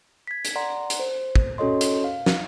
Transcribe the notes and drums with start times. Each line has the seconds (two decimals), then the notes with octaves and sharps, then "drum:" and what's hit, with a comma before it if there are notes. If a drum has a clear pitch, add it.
0.27 G#6 B6
0.45 drum: hi-hat
0.55 D5 F#5 A#5 C6
0.90 drum: hi-hat
1.00 C5
1.36 drum: kick
1.58 C#4 F#4 A4 C#5 D#5 C6
1.81 drum: hi-hat
2.04 F5
2.26 drum: snare